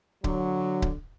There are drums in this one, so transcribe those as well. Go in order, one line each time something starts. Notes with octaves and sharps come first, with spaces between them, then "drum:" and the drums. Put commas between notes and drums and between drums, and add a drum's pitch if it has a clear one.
D3 F#3, drum: kick C#1
drum: kick C#1